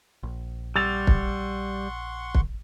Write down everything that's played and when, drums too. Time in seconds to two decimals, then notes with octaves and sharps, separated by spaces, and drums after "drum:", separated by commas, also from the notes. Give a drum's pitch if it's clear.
0.23 A#1
0.76 G3 F#5 C6 C#6 E6 A6 F7
1.07 drum: kick
2.35 drum: kick